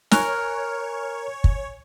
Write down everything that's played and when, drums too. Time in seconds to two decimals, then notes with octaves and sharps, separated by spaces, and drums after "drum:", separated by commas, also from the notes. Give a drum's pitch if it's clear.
0.11 A#4 C#5 G#5 C#6 F6 F#6, drum: snare
1.44 drum: kick